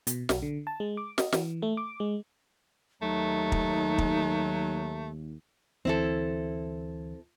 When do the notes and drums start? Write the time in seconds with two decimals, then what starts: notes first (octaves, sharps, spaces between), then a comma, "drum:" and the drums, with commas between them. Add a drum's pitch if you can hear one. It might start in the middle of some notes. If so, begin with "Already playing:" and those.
0.07 B2, drum: hi-hat
0.29 B1, drum: snare
0.42 D3
0.67 A5
0.80 G#3
0.97 D6
1.18 D#5, drum: snare
1.32 E3, drum: snare
1.62 A3
1.77 D6
2.00 G#3
3.02 D#2 F#3 A3 D#4
3.52 drum: kick
3.98 drum: kick
5.85 D2 E3 C4 E4 A4